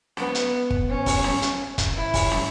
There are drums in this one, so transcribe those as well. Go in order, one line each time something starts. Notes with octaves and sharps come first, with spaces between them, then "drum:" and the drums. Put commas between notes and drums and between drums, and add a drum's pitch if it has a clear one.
B3, drum: snare
drum: hi-hat
drum: kick
C#4
drum: kick, open hi-hat
drum: snare
drum: hi-hat
drum: kick, hi-hat
E4
drum: kick, open hi-hat
drum: snare